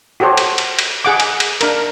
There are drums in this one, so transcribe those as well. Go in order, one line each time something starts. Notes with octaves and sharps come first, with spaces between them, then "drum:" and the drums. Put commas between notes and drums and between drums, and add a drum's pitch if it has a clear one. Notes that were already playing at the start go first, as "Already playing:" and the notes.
F#4 G4 A4 C5 C#5
drum: cymbal
drum: cymbal
drum: cymbal
G#4 F#5 D6
drum: cymbal
drum: cymbal
D4 A#4, drum: cymbal